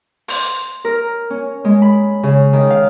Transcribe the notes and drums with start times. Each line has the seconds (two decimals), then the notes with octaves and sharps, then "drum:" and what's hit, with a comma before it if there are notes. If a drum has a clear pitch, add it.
0.28 C6, drum: open hi-hat
0.85 A#4
1.30 C#4
1.65 G#3
1.82 B5
2.23 C#3
2.53 D#3
2.70 F5